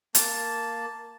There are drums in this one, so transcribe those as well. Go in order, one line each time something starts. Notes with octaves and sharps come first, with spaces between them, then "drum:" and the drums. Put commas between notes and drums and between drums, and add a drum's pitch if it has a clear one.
A#3 A5, drum: hi-hat